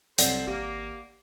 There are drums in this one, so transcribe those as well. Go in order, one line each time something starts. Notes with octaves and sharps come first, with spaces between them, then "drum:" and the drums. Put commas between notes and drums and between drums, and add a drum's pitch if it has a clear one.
C2 F#3 A4 C5 D5 F#5 G5, drum: hi-hat
G#1 A#3 G4